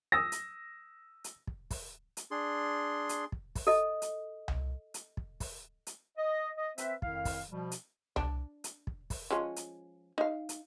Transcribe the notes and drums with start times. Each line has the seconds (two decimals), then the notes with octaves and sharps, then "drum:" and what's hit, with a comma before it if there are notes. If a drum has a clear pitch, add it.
0.12 D#6 E6 A#6
0.32 drum: hi-hat
1.24 drum: hi-hat
1.47 drum: kick
1.71 drum: kick, open hi-hat
2.17 drum: hi-hat
2.31 D4 G#4 C6
3.09 drum: hi-hat
3.32 drum: kick
3.55 drum: kick, open hi-hat
3.67 A4 D#5
4.02 drum: hi-hat
4.48 drum: tom C2
4.94 drum: hi-hat
5.17 drum: kick
5.40 drum: kick, open hi-hat
5.87 drum: hi-hat
6.17 D#5
6.58 D#5
6.78 C4 B4 C5 E5, drum: hi-hat
7.02 F2 D#3 E4 F5, drum: kick
7.25 drum: kick, open hi-hat
7.50 B2 F3 G3
7.72 drum: hi-hat
8.16 D4, drum: tom C2
8.64 drum: hi-hat
8.87 drum: kick
9.10 drum: kick, open hi-hat
9.31 F3 G#3 C#4
9.56 drum: hi-hat
10.18 D#4 F5
10.49 drum: hi-hat